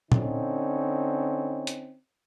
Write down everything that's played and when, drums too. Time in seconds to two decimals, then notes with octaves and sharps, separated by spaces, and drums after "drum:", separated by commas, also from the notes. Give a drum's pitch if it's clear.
0.12 D3 C4 C#4 D#4, drum: tom A#2
1.67 drum: hi-hat